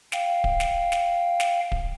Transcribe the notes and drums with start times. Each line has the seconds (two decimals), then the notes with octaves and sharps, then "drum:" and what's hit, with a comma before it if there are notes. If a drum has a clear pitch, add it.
0.12 F5 G5, drum: snare
0.44 drum: kick D1
0.60 drum: snare
0.92 drum: snare
1.40 drum: snare
1.72 drum: kick D1